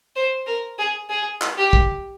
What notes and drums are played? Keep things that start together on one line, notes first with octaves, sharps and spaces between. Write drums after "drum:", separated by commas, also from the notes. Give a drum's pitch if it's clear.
C5
A#4
G#4
G#4
drum: clap
G4
drum: kick